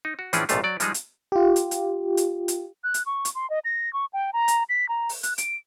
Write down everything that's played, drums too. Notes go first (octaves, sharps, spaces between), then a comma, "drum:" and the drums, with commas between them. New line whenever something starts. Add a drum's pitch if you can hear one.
D#4
F#4
A2 E3 F3 C#4 D4 G#4, drum: hi-hat
A#1 G#2 C3 A3 F4, drum: hi-hat
F#3 D5
F3 G3 G#3 D#4 G#4, drum: hi-hat
drum: hi-hat
F4 G4
drum: hi-hat
drum: hi-hat
drum: hi-hat
drum: hi-hat
F#6
drum: hi-hat
C#6
drum: hi-hat
C6
D#5
A#6
C#6
G5
A#5
drum: hi-hat
B6
A#5
drum: open hi-hat
F#6, drum: hi-hat
D7, drum: hi-hat